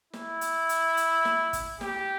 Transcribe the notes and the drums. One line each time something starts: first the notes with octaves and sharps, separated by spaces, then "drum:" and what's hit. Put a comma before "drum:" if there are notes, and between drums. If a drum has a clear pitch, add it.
E4, drum: snare
drum: hi-hat
drum: hi-hat
drum: hi-hat
drum: snare
drum: kick, hi-hat
G4, drum: snare